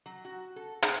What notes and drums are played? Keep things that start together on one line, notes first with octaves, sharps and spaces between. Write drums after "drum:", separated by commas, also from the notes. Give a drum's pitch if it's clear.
F#3
F#4
A4
G#4, drum: hi-hat